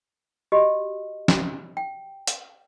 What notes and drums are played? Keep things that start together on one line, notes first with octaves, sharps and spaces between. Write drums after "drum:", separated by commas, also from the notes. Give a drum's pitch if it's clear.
F#4 G4 D#5
drum: snare
G5
drum: hi-hat